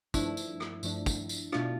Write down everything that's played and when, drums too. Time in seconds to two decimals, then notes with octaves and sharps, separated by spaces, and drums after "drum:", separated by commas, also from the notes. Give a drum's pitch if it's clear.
0.14 G2 F3 A3 D4 E4, drum: kick, tambourine
0.37 drum: tambourine
0.60 drum: rim click
0.83 G2 F3 A3 D4, drum: tambourine
1.06 drum: kick, tambourine
1.29 drum: tambourine
1.52 B2 A3 D4 F4, drum: rim click